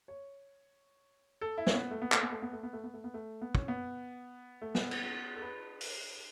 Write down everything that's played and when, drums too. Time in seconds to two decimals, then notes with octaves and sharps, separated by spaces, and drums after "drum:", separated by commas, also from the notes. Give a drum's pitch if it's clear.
0.08 C#5
1.41 A4
1.58 E4
1.67 C#4, drum: snare
1.74 B3
1.91 A3
2.02 B3
2.12 A3, drum: clap
2.22 B3
2.32 A3
2.42 B3
2.53 A3
2.63 B3
2.73 A3
2.84 B3
2.94 A3
3.04 B3
3.14 A3
3.41 B3
3.55 C#4, drum: kick
3.68 B3
4.62 A3
4.75 B3, drum: snare
4.91 drum: cymbal
5.36 A4
5.42 B4
5.81 drum: open hi-hat